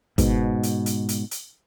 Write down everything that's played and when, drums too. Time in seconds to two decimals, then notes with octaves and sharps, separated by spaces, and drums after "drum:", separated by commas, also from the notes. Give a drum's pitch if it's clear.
0.18 G#2 B2, drum: kick, hi-hat
0.63 drum: hi-hat
0.86 drum: hi-hat
1.09 drum: hi-hat
1.31 drum: hi-hat